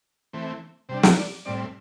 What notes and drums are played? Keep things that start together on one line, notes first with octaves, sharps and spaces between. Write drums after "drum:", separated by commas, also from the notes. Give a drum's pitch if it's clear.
E3 A3 C4
C3 G3 D4 C5
drum: snare
D5
A2 G3 C4 D5